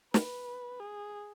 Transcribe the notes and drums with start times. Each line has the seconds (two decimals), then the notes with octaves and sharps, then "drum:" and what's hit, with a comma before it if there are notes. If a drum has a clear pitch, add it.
0.14 B4, drum: snare
0.80 G#4